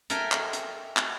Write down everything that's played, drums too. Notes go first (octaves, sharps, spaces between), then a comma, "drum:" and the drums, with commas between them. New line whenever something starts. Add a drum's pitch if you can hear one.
A4 A#4 E5 G5 G#5, drum: hi-hat
drum: clap
drum: hi-hat
drum: clap